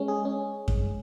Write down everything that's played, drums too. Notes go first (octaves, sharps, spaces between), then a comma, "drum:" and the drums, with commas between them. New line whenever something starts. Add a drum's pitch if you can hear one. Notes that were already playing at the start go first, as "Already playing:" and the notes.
Already playing: G#3 C#4
G#4
C#4
drum: kick F#2